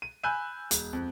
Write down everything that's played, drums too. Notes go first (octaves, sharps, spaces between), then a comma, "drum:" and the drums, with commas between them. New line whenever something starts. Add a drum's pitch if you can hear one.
D#7
G#5 B5 E6 F#6 G6 D#7
E1, drum: hi-hat
F2